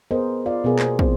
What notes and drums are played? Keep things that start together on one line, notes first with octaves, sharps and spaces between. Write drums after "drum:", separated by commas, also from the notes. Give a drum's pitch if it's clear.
B3 G#4 A#4 C5 D#5
F4 D5 F5
B2 B3 F#4 G#4 A#4 F5
A#3 C5, drum: clap
C4 E4 C5, drum: kick